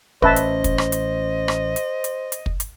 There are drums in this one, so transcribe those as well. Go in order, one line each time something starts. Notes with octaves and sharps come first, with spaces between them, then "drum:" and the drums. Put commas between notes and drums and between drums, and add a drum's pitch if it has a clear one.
A1 C#4 B4 C5 D#5 E5 A5, drum: kick
drum: hi-hat
drum: kick, hi-hat
drum: rim click
drum: hi-hat
drum: rim click
drum: hi-hat
drum: hi-hat
drum: hi-hat
drum: kick
drum: hi-hat